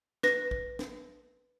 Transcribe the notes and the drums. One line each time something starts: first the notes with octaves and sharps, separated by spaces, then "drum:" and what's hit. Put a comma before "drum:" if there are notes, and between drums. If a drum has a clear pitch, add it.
B4 A#6, drum: snare
drum: kick
drum: snare